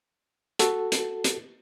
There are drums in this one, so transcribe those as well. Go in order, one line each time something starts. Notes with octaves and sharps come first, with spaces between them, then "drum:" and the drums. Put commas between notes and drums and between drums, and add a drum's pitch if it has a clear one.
F#4 A4, drum: hi-hat
drum: hi-hat
drum: hi-hat